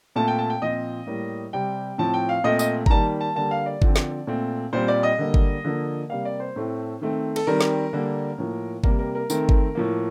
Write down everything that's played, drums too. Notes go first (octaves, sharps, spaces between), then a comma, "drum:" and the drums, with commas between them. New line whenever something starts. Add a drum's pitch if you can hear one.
A#2 A3 C4 A5
G5
A5
G5
A#2 F3 C4 D#5
A2 G3 A#3
C3 G3 C4 G5
A2 F3 C4 A5
G5
F5
A#2 A3 C4 D#5
D#5, drum: tambourine
A#5, drum: kick G1
D#3 G3 A#3 A5
A5
D3 G3 A#3 A5
F5
D5
D3 F3 C4, drum: kick G1
drum: snare
A#2 A3 C4
A#2 G3 C4 C5
D5
D#5
D3 G3 A#3
drum: kick G1
D3 F3 A#3
C3 G3 A#3 F5
D5
C5
A2 A3 C4
D#3 A3 C4
A4, drum: cymbal
D#3 G3 C4 A#4
drum: snare
D3 G3 A#3
A2 F3 A#3
C3 G3 A#3 A#4, drum: kick G1
A#4
A#4
D#3 A3 C4 A#4, drum: tambourine
drum: kick G1
A2 F3 A#3